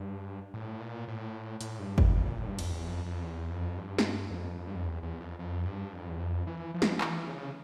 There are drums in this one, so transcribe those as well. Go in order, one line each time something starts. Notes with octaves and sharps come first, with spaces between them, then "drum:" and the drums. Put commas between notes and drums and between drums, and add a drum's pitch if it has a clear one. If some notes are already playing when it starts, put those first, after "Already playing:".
Already playing: G2
A2
A#2
A2
A2, drum: hi-hat
G2
F2, drum: kick
F2
A#2
A2
G2
F2, drum: cymbal
E2
F2
F2
E2
F2
G2
drum: snare
F2
G2
F2
E2
E2
F2
F2
G2
F2
E2
F2
E3
F3
E3, drum: snare
F3
E3, drum: clap
C#3